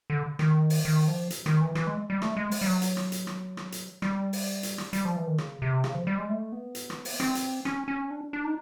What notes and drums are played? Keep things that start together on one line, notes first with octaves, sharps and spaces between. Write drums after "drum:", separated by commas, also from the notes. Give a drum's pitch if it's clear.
D3
D#3, drum: rim click
drum: open hi-hat
D#3
F3
drum: hi-hat
D#3, drum: rim click
E3
E3, drum: rim click
G#3
G3
A3, drum: rim click
G#3
drum: open hi-hat
G3
F#3
drum: hi-hat
drum: rim click
drum: hi-hat
drum: rim click
drum: rim click
drum: hi-hat
G3, drum: rim click
drum: open hi-hat
drum: hi-hat
drum: rim click
G3, drum: hi-hat
F3
E3
D#3
C#3, drum: rim click
C3
C#3, drum: rim click
F3
G3
G#3
A3
B3
drum: hi-hat
drum: rim click
drum: open hi-hat
C4, drum: rim click
drum: hi-hat
C#4, drum: rim click
C#4
D4
D4
D#4